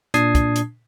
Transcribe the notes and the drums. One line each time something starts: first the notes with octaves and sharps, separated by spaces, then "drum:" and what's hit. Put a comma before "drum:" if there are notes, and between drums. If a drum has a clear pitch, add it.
A#2 D4 A5 D#6 G#6 C7, drum: hi-hat
drum: kick, hi-hat
drum: hi-hat